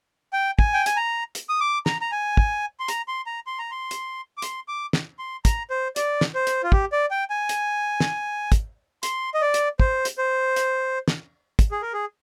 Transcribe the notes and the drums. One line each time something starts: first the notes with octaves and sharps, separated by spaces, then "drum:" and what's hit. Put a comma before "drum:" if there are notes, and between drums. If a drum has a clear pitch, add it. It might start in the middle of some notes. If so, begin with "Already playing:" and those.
G5
G#5, drum: kick
G5
G#5, drum: hi-hat
A#5
drum: hi-hat
D#6
D6
A#5, drum: snare
A#5
G#5
drum: kick
C6
A#5, drum: hi-hat
C6
A#5
C6
A#5
C6
drum: hi-hat
D6
C6, drum: hi-hat
D6
drum: snare
C6
A#5, drum: kick, hi-hat
C5
D5, drum: hi-hat
drum: snare
C5
drum: hi-hat
F4
G4, drum: kick
D5
G5
G#5
drum: hi-hat
drum: snare
drum: kick, hi-hat
C6, drum: hi-hat
D#5
D5
drum: hi-hat
C5, drum: kick
drum: hi-hat
C5
drum: hi-hat
drum: snare
drum: kick, hi-hat
G#4
A#4
G#4